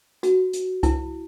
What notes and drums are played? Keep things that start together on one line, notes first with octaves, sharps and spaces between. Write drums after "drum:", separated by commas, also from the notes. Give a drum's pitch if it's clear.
F#4, drum: hi-hat
drum: hi-hat
E4, drum: kick C2, hi-hat